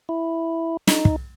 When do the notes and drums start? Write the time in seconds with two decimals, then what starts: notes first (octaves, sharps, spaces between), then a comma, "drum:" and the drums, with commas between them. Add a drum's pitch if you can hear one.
0.09 E4
0.87 D#4, drum: snare
1.05 drum: kick